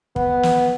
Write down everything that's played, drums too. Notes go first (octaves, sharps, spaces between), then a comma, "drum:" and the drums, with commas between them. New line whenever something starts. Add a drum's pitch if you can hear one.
B3, drum: kick
drum: snare